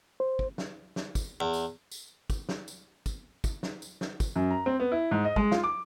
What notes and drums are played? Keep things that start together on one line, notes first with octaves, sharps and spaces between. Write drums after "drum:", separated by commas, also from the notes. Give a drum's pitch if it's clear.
C5
drum: kick
drum: snare
drum: snare
drum: kick, tambourine
E2
drum: tambourine
drum: tambourine
drum: kick, tambourine
drum: snare
drum: tambourine
drum: kick, tambourine
drum: kick, tambourine
drum: snare
drum: tambourine
drum: snare
drum: kick, tambourine
F#2
A#5
C4
B3
E4
G#2
D#5
G#3, drum: kick
F4, drum: snare
D6